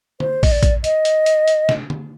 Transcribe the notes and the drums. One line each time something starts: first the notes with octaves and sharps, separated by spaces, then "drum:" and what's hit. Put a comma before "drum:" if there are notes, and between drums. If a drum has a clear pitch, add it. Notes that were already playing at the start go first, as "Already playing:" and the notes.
C5, drum: tom
D#5, drum: kick, open hi-hat
D5
drum: kick, hi-hat
D#5, drum: hi-hat
drum: hi-hat
drum: hi-hat
drum: hi-hat
drum: snare
drum: tom